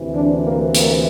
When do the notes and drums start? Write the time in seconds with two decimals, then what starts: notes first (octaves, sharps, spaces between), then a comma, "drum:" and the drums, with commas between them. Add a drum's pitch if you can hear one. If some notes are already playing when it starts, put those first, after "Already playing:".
Already playing: D2 C3 E3
0.14 D4
0.44 A#3
0.74 A#3, drum: hi-hat